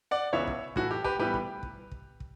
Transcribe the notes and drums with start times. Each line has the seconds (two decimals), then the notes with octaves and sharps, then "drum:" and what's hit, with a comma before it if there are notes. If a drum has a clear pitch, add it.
0.11 D5 F#5
0.33 C#2 C#3 E3 B3 C#5 E5
0.47 drum: kick
0.76 A2 E3 A3 F#4, drum: kick
0.91 G4
1.04 G4 B4, drum: kick
1.19 A2 E3 G3 B3 G4 B4
1.34 drum: kick
1.63 drum: kick
1.91 drum: kick
2.20 drum: kick